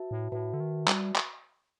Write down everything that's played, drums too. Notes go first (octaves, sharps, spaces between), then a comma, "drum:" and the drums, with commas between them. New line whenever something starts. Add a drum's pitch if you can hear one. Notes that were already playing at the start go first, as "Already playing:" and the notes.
Already playing: F#4 B4 E5 A5
A2
A2 F#4 B4 E5 A5
D3
D#3
G3, drum: clap
drum: clap